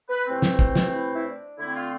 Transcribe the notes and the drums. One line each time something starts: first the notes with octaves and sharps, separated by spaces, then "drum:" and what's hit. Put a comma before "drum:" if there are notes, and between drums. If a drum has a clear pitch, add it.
B4
C3 E3 A3 C4
drum: snare
drum: kick
drum: snare
E4
E4
D4
D3 A3 C4 E4
F4